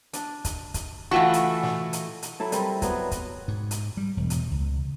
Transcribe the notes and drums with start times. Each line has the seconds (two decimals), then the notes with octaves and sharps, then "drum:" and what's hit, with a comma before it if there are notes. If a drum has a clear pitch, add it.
0.13 D4, drum: hi-hat
0.45 drum: kick, hi-hat
0.74 drum: kick, hi-hat
1.11 E3 A3 F4 F#4 F#5 G5 A5 C#6
1.33 drum: hi-hat
1.63 drum: snare
1.93 drum: hi-hat
2.22 drum: hi-hat
2.40 F#3 E4 A4
2.52 G3 C4 A#4, drum: hi-hat
2.82 F#3 B3, drum: kick, hi-hat
3.11 drum: kick, hi-hat
3.48 G#2
3.71 drum: hi-hat
3.97 G3
4.17 E1
4.30 drum: hi-hat
4.51 C#2